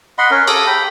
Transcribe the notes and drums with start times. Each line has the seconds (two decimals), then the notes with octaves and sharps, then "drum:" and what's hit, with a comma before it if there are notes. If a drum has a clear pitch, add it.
0.18 D#5 F#5 B5 C6
0.31 C#4 A#4
0.47 A4 A#5 D6 D#6, drum: cymbal
0.67 G5 B5